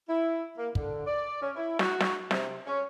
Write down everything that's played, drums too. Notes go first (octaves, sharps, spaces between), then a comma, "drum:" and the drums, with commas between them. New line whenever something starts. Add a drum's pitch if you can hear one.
E4
A#3
D3, drum: kick
D5
C#4
E4
F#4, drum: snare
drum: snare
C3, drum: snare
C#4